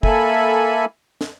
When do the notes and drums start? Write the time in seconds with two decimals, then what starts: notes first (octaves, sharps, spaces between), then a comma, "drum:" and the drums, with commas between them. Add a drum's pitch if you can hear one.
0.03 A#3 A4 E5 G#5 B5, drum: kick
1.21 drum: snare